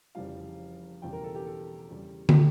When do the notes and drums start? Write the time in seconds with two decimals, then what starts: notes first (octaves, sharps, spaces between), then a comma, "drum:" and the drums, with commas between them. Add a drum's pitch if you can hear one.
0.15 F1 F2 C#3 E3 G3 F5
1.02 E1 E2 C#3 G3 G5
1.13 A#4
1.24 A4
1.35 G4
1.46 A4
1.90 E2 C#3 G3
2.29 A4, drum: tom
2.34 G4